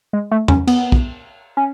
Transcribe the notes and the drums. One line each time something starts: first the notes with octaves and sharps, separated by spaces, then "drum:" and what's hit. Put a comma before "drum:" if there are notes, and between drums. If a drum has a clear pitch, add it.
G#3
A3
C#4, drum: tom
B3, drum: cymbal
drum: kick
C#4